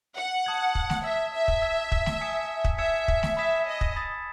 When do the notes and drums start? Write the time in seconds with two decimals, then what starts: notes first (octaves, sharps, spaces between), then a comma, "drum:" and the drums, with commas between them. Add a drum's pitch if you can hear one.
0.17 F#5
0.46 A5 D#6 G#6
0.75 drum: kick
0.90 drum: snare A3
1.04 E5 E6 G#6 B6
1.34 E5
1.48 drum: kick
1.62 E6 G#6 B6 E7
1.92 drum: kick
2.06 drum: snare A3
2.21 G#5 D#6 G#6 C#7
2.64 drum: kick
2.78 E5 E6 G#6 C#7 E7
3.08 drum: kick
3.23 drum: snare A3
3.37 E5 B5 D#6 G#6 B6 E7
3.67 D#5
3.81 drum: kick
3.96 B5 D#6 A6